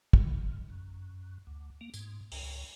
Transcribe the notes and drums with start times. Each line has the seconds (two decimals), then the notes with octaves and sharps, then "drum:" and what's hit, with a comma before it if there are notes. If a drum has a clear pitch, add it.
0.13 B1, drum: kick
0.38 F2
0.70 F#2
1.47 D2
1.81 A#3
1.94 G#2, drum: tambourine
2.32 C#2, drum: open hi-hat
2.43 C#2